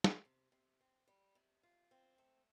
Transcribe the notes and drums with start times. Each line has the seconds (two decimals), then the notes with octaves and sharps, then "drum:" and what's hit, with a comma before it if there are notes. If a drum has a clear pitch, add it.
0.04 drum: snare
0.25 C3
0.52 C3
0.81 C4
1.08 G3
1.35 C3
1.63 F4
1.91 C4
2.18 A3